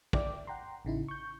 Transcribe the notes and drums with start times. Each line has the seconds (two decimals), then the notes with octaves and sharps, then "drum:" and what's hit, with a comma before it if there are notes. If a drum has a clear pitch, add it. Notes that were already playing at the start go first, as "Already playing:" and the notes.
0.13 D5 E5 G5 D6, drum: kick
0.47 F#5 G5 A#5 C6
0.85 A1 C#3 D#4 E4
1.08 C#6 G6